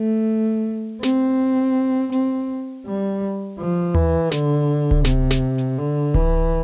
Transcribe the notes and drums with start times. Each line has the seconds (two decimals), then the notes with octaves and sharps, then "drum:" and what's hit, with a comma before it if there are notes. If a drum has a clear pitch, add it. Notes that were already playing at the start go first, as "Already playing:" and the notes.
Already playing: A3
1.03 C4, drum: snare
2.12 C4, drum: hi-hat
2.86 G3
3.59 F3
3.95 E3, drum: tom D#2
4.31 D3, drum: snare
4.91 drum: kick D1
5.05 C3, drum: snare
5.31 drum: snare
5.58 drum: hi-hat
5.78 D3
6.14 E3, drum: kick D1